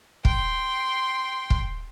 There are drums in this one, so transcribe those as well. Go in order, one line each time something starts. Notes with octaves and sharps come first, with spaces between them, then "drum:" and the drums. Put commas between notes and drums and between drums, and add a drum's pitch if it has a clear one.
G5 C6, drum: kick
drum: kick